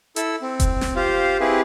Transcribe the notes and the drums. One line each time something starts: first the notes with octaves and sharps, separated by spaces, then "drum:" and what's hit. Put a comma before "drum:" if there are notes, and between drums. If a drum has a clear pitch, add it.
E4 A4 E6, drum: hi-hat
C4
drum: kick F1, hi-hat
drum: snare
F4 G4 C5 F5
C4 E4 G4 G#4 B4